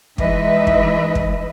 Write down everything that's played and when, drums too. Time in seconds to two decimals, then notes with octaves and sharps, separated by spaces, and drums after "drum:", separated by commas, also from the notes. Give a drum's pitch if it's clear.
0.18 E3 G#3 D#4 B4 D#5 E5, drum: kick
0.67 drum: kick
1.15 drum: kick